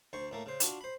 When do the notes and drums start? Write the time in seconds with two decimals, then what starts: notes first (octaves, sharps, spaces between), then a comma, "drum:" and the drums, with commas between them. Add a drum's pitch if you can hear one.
0.13 D2 C5 C#6
0.31 A2 A3 A#3
0.46 C#3 C5
0.60 D4 F4 F#4, drum: hi-hat
0.81 C5 B5